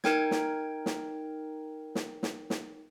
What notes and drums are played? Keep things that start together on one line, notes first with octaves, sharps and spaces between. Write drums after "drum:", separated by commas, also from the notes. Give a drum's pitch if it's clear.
D#4 A#4 G5 G#6, drum: snare
drum: snare
drum: snare
drum: snare
drum: snare
drum: snare